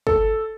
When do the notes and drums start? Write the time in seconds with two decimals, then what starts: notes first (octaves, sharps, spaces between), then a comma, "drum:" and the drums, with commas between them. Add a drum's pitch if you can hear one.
0.07 A4, drum: kick